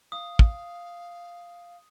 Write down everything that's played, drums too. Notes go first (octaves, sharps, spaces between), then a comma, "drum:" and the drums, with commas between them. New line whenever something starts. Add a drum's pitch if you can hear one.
F5 D#6
drum: kick